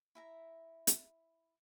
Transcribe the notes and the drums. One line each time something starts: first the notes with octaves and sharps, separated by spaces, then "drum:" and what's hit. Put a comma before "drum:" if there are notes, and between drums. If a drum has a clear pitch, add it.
E4 E5 A#5
drum: hi-hat